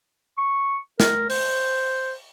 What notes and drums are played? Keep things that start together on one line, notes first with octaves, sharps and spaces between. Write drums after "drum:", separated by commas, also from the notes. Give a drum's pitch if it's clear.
C#6
A#4, drum: snare
C5, drum: open hi-hat